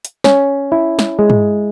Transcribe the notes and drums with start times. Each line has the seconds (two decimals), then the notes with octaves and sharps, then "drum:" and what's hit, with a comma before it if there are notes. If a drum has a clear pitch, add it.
0.05 drum: hi-hat
0.24 C#4, drum: snare
0.72 E4
0.99 drum: snare
1.19 G#3
1.30 drum: tom